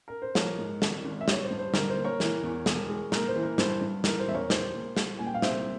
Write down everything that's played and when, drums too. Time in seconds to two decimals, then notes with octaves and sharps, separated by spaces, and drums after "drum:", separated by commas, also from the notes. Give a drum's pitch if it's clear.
0.08 A#4
0.22 C5
0.35 F3 A#4 C#5, drum: snare
0.59 G#2
0.82 G#1, drum: snare
1.04 G#1
1.21 E5
1.28 G3 C#5, drum: snare
1.43 C5
1.51 G2
1.58 C5
1.74 G1 A#4, drum: snare
1.89 C5
1.97 A#3
2.04 A#4 C#5
2.20 E3, drum: snare
2.43 E2
2.66 E1, drum: snare
2.89 G#3
3.12 A#3 A#4, drum: snare
3.28 C5
3.35 E3
3.43 A#4
3.58 G2 C5, drum: snare
3.81 G2
4.04 E3 A#4, drum: snare
4.19 C5
4.27 E2 E5
4.35 A#4 C#5
4.50 E1 C5, drum: snare
4.73 A#3
4.97 G3, drum: snare
5.19 A#2 G#5
5.27 G5
5.34 F5
5.42 C2 C5 E5, drum: snare